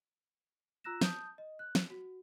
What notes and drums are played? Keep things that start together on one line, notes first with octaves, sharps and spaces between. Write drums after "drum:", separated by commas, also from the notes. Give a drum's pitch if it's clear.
F4 A#5 E6 F#6 A#6 E7
A5 D#6 G6, drum: snare
D#5
F#6
drum: snare
F#4